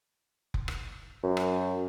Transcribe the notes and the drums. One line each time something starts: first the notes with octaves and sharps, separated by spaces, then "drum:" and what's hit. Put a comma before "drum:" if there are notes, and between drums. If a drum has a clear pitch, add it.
drum: kick F1
drum: rim click
F#2
drum: rim click